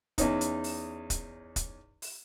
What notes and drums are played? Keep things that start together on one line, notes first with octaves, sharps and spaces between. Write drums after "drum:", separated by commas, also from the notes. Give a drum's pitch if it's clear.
E2 C#4 D#4, drum: kick, hi-hat
drum: hi-hat
drum: open hi-hat
drum: kick, hi-hat
drum: kick, hi-hat
drum: open hi-hat